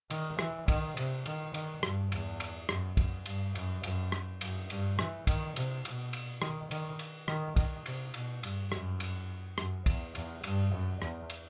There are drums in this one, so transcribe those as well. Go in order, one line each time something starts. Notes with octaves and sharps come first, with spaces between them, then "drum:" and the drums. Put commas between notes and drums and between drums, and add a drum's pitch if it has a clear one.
D#3, drum: cymbal
E3, drum: rim click
D#3, drum: kick, cymbal
C3, drum: cymbal
D#3, drum: cymbal
D#3, drum: cymbal
G2, drum: rim click
E2, drum: cymbal
drum: cymbal
F#2, drum: rim click
F#2, drum: kick, cymbal
G2, drum: cymbal
F#2, drum: cymbal
F#2, drum: cymbal
drum: rim click
F#2, drum: cymbal
G2, drum: cymbal
E3, drum: rim click
D#3, drum: kick, cymbal
C3, drum: cymbal
B2, drum: cymbal
drum: cymbal
D#3, drum: rim click
D#3, drum: cymbal
drum: cymbal
D#3, drum: rim click
D#3, drum: kick, cymbal
C3, drum: cymbal
B2, drum: cymbal
G2, drum: cymbal
F#2, drum: rim click
drum: cymbal
F#2, drum: rim click
E2, drum: kick, cymbal
E2, drum: cymbal
G2, drum: cymbal
F#2
E2, drum: rim click
drum: cymbal